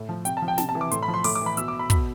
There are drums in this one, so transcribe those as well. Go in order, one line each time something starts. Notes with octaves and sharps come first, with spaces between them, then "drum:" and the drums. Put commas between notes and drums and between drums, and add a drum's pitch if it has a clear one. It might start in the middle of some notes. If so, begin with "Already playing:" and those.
Already playing: A2
F3
C3 G5, drum: hi-hat
A5
F3
G5
C3 A5, drum: snare
A5
E3
D6
A2 C6, drum: hi-hat
B5
F3
C6
A2 D6, drum: open hi-hat
D6
E3 B5
B2 E6, drum: hi-hat
D6
B5
B2 B5, drum: kick, hi-hat